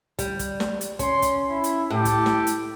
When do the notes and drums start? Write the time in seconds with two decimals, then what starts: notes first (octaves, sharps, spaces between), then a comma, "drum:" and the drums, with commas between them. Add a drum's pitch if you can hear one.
0.19 G3, drum: kick, hi-hat
0.39 drum: kick, hi-hat
0.60 drum: snare
0.81 drum: hi-hat
0.99 C#4 C6, drum: kick, hi-hat
1.22 drum: kick, hi-hat
1.48 E4
1.64 drum: hi-hat
1.90 A2 G4 A4
2.05 drum: kick, hi-hat
2.26 drum: snare
2.47 drum: hi-hat